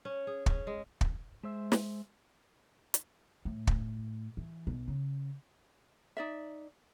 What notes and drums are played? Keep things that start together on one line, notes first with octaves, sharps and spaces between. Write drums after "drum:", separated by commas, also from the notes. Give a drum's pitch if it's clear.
C#4
G#4
C#4, drum: kick
G#3
drum: kick
G#3 C5 E5
drum: snare
drum: hi-hat
A2
drum: kick
E3
B1
C#3
D#4 D5 E5